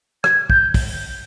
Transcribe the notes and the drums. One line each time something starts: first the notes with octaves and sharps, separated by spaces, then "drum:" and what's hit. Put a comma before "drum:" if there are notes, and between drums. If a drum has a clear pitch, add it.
G#6, drum: rim click
G6, drum: kick
drum: kick, open hi-hat